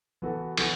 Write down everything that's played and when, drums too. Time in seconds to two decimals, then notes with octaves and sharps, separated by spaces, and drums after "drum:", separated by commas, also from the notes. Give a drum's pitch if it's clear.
0.22 E3 B3 F#4 A4
0.57 E3 B3 F#4 A4, drum: cymbal